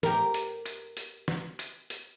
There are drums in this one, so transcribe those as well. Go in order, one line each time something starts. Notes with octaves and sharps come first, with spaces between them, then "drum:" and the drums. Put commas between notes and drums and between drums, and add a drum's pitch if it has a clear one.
G4 A#4, drum: snare
drum: hi-hat
drum: hi-hat
drum: hi-hat
drum: snare
drum: hi-hat
drum: hi-hat